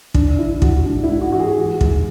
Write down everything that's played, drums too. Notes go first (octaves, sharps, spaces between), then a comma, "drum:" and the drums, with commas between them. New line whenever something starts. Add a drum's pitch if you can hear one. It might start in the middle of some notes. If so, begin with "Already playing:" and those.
E3 D4, drum: kick
E3 E4
E3 F#4, drum: kick
G#2 D4
E4
G#2
F#4
E3 F#4
G#4
E3
G#2, drum: kick